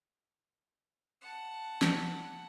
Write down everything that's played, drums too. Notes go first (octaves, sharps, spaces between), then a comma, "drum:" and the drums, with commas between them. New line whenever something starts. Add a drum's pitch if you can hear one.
F#5 A5
drum: snare